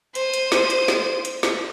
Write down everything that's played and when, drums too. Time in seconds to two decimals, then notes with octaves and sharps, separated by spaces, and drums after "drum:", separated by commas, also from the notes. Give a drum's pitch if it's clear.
0.15 C5 D#7, drum: hi-hat
0.34 drum: hi-hat
0.52 drum: snare
0.70 drum: hi-hat
0.88 drum: snare
1.25 drum: hi-hat
1.43 drum: snare